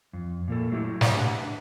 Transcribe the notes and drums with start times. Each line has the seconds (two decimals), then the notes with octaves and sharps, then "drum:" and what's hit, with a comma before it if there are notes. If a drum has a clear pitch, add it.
0.13 F2
0.48 A#2 A#3 A4
0.72 F#3 A3 E4 G4
1.01 drum: snare
1.16 D4 B4 F#5 A5